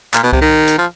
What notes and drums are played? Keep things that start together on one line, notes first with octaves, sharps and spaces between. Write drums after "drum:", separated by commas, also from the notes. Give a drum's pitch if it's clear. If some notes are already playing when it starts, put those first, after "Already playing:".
A#2, drum: clap
B2
C3, drum: kick C2
D#3
drum: hi-hat
F3